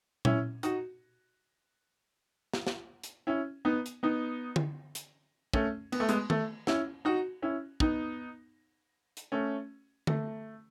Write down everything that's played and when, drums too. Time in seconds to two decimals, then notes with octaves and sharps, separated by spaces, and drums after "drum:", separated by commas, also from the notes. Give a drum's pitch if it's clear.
0.25 C#4 E4, drum: tom A#2
0.63 D#4 F#4, drum: hi-hat
2.54 drum: snare
2.67 drum: snare
3.04 drum: hi-hat
3.27 C#4 E4
3.65 B3 D#4
3.86 drum: hi-hat
4.03 B3 D#4
4.56 drum: tom D3
4.95 drum: hi-hat
5.53 A3 C#4, drum: kick
5.92 B3, drum: cymbal
6.00 A3
6.09 G#3 B3, drum: hi-hat
6.30 A3, drum: tom D#3
6.67 C#4 E4, drum: snare
7.05 D#4 F#4
7.42 C#4 E4
7.80 B3 D#4, drum: kick
9.17 drum: hi-hat
9.32 A3 C#4
10.07 A3, drum: tom D3